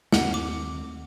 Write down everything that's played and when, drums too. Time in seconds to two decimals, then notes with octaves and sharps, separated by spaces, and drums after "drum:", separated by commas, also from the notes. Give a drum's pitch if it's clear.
0.12 D#2 D#3 A3 C4 F#5, drum: snare
0.34 D6